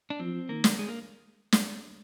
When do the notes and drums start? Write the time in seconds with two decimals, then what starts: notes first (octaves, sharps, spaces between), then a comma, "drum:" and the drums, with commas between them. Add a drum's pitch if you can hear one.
0.10 D4
0.19 F3 C4
0.49 D#3 A#3
0.64 drum: snare
0.79 G#3
0.89 A#3
1.52 drum: snare